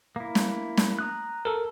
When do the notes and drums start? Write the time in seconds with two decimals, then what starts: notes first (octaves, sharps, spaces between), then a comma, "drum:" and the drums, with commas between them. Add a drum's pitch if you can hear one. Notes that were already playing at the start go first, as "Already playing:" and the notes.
0.16 A#3 E4
0.35 drum: snare
0.77 drum: snare
0.99 A#5 D#6 F#6
1.45 A4 A#4